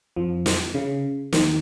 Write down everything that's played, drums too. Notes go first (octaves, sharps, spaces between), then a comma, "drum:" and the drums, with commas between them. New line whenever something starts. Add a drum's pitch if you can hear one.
F2 F3
drum: snare
C#3
D#2 D#3, drum: snare